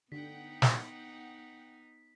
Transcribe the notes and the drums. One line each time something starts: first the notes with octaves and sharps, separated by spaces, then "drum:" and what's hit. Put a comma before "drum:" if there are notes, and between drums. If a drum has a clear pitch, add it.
D3 B3 D#4 F#5 G5 B6
drum: snare